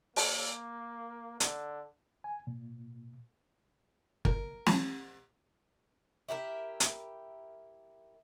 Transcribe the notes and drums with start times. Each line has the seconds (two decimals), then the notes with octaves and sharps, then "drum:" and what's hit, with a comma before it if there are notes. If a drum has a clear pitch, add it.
0.16 A#3, drum: open hi-hat
1.40 D3, drum: hi-hat
2.24 G#5
2.47 A#2
4.25 A#4, drum: kick G1
4.66 drum: snare
6.29 E4 G4 A#4 E5
6.80 drum: hi-hat